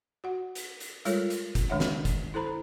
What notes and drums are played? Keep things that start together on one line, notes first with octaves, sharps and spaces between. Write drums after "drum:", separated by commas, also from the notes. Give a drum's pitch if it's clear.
F#4 F#5
drum: hi-hat
drum: hi-hat
G3 G#3 F4 A4 A#4 C#5, drum: hi-hat
drum: hi-hat
drum: kick, hi-hat
D#3 G#3 D4 C#5 E5 F#5
drum: snare
drum: kick, hi-hat
E4 A4 C5 A#5 B5